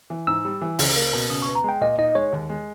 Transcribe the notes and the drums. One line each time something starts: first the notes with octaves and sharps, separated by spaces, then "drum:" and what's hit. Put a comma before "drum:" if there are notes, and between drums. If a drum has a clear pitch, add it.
E3
G#2 E6
G3
E3
C#2, drum: open hi-hat
A#3
B2
C#3 D#6
B3 C#6
A#5
G#3 G5
A#2 D#5
D#4 D#5
G#3 C#5
D#2
G#3